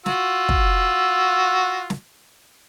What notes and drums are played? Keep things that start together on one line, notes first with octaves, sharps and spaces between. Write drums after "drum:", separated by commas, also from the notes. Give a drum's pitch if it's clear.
F4 F#4 E6, drum: snare
drum: kick
drum: snare